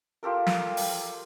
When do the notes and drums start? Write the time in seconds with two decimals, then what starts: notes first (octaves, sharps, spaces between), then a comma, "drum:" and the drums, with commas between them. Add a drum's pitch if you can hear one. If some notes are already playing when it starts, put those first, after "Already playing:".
0.23 F4 G4 A4 A#4
0.47 drum: snare
0.77 drum: open hi-hat